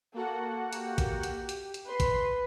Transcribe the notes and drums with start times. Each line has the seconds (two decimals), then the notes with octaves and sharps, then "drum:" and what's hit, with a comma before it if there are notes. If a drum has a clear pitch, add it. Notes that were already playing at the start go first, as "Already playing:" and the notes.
0.14 A#3 F#4 A4 F#5
0.73 G4, drum: hi-hat
0.98 drum: kick, hi-hat
1.23 drum: hi-hat
1.49 drum: hi-hat
1.74 drum: hi-hat
1.88 B4 C6
2.00 drum: kick, hi-hat